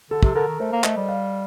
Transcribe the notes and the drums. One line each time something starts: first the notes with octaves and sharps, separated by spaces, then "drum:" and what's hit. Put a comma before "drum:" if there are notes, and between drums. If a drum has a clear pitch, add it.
D3 A4
C3, drum: kick
D3 A#4
D#3
A3 C5
A#3
A3 D#5, drum: clap
G3
F5